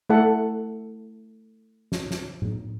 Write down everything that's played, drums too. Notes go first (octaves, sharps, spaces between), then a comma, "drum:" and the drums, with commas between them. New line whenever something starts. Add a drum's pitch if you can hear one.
A3 E4 A4 F#5
drum: snare
drum: snare
drum: tom A2